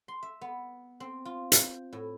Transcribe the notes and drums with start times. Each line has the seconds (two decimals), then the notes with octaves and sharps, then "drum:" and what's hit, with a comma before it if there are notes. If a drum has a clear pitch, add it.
0.08 C6
0.23 E5
0.41 B3
1.00 C4
1.25 F4
1.52 G5, drum: hi-hat
1.93 A2